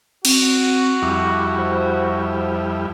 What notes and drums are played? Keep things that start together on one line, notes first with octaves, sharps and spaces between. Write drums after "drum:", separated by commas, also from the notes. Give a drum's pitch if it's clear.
C4 F#4, drum: cymbal
F2 G3 E4 D6
C5